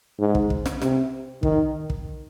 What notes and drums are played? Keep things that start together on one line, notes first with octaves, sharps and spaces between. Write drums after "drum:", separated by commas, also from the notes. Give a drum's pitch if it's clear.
G#2
drum: kick
drum: kick
drum: snare
C3, drum: snare
D#3, drum: kick
drum: kick